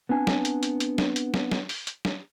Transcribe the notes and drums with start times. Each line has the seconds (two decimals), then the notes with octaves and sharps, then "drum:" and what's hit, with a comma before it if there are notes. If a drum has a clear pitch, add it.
0.09 B3 C4 D4 G#5
0.27 drum: snare
0.45 drum: hi-hat
0.63 drum: hi-hat
0.80 drum: hi-hat
0.98 drum: snare
1.16 drum: hi-hat
1.34 drum: snare
1.51 drum: snare
1.69 drum: open hi-hat
1.87 drum: hi-hat
2.05 drum: snare